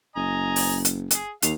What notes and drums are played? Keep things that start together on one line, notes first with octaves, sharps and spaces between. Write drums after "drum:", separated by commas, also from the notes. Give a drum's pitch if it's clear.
F#1 D#5 G#5 A#5
drum: open hi-hat
drum: hi-hat
G#4, drum: hi-hat
D#2 F5, drum: hi-hat